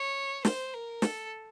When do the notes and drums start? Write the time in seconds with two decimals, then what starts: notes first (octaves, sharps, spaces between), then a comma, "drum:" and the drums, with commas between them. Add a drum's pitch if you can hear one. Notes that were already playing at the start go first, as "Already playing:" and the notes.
Already playing: C#5
0.45 C5, drum: snare
0.73 A#4
1.02 A4, drum: snare